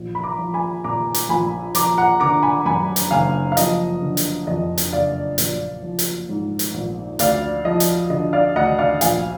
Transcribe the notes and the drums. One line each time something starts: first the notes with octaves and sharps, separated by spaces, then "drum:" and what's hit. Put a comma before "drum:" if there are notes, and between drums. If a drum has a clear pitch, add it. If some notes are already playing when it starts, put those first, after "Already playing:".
Already playing: A#1
B5
A#5 D6
F3
G#5 B5
A#2 A#5 D6
drum: hi-hat
A#1 G#5 B5
F3 A#5 D6, drum: hi-hat
F#5 A#5
D3 A#5 D6
G#5 B5
F#2 G#5 B5
drum: hi-hat
F#1 F5 G#5
F5
F3 D#5, drum: hi-hat
D3
drum: hi-hat
F2 D#5
drum: hi-hat
F#1 D5 F5
A#1, drum: hi-hat
F3
drum: hi-hat
G#2
drum: hi-hat
A#1
D2 D5 F5, drum: hi-hat
F3 D#5
drum: hi-hat
D3 D#5
D5 F5
D2 D#5 F#5
D5 F5
A#1 F5 G#5, drum: hi-hat